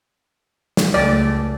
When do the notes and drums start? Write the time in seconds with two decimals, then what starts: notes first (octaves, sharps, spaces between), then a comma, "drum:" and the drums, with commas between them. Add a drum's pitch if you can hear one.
0.77 drum: snare
0.94 C#2 A3 D5